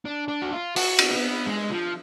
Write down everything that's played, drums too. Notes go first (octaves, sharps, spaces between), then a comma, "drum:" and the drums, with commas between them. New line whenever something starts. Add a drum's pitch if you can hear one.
D4
D4
F#4
F4
F#4, drum: open hi-hat
drum: cymbal
B3
G#3
F3